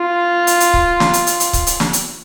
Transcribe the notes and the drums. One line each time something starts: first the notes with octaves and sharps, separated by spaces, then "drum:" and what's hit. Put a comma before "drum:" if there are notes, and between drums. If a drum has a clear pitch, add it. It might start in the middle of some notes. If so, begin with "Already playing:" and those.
Already playing: F4
drum: hi-hat
drum: hi-hat
drum: kick C#1
drum: snare
drum: hi-hat
drum: hi-hat
drum: hi-hat
drum: kick C#1, hi-hat
drum: hi-hat
drum: snare
drum: hi-hat